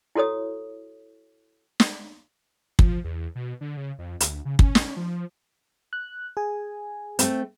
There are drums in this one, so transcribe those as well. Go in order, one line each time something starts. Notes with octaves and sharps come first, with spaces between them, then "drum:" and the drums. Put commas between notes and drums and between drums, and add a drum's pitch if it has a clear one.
E4 F#4 A4 C#5 D#6
drum: snare
F3, drum: kick
E2
B2
D3
C#3
F2
D2, drum: hi-hat
C#3
C#4, drum: kick
drum: snare
F3
F#6
G#4 G#5
A3 C4, drum: hi-hat